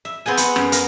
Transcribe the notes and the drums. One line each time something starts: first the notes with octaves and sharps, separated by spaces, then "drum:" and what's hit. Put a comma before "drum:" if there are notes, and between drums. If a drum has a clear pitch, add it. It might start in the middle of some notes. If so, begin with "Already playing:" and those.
E5
B3 C4 G#4 G#5
F#5, drum: hi-hat
F#2, drum: rim click
A#4, drum: hi-hat